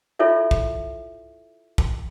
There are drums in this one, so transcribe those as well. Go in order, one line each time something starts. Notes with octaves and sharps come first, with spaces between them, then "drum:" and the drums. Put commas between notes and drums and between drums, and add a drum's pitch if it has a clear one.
E4 F4 A4 C#5 D5 E5
drum: kick
drum: kick